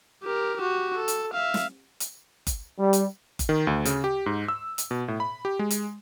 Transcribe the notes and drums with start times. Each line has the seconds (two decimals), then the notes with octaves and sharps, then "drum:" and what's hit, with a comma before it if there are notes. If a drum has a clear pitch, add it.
0.23 G4 A#4
0.57 F#4 G4
0.97 A4
1.08 drum: hi-hat
1.33 E5 F5
1.54 drum: snare
2.00 drum: hi-hat
2.47 drum: kick F#1, hi-hat
2.79 G3
2.93 drum: hi-hat
3.39 drum: kick F#1, hi-hat
3.49 D#3
3.67 D2
3.85 C#3, drum: hi-hat
4.04 G4
4.26 G#2
4.48 E6
4.78 drum: hi-hat
4.91 B2
5.08 A2
5.20 B5
5.45 G4
5.59 G#3
5.71 drum: hi-hat